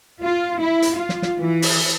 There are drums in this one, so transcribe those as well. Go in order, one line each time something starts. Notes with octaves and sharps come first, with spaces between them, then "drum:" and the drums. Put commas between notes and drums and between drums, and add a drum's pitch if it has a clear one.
F4
E4
drum: hi-hat
F4
drum: snare
drum: snare
E3
drum: open hi-hat